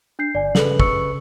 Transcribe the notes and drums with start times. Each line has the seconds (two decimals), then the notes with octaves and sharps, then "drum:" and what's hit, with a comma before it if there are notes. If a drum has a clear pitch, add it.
0.19 D4 G6 C7
0.35 G1 D5 G#5
0.55 C#3 A4 B4 F#7, drum: snare
0.80 C#6 E6 C#7, drum: kick